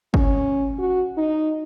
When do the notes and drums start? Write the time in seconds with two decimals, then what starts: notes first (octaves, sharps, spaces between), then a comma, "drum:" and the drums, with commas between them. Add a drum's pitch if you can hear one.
0.14 C#4, drum: kick G1
0.78 F#4
1.17 D#4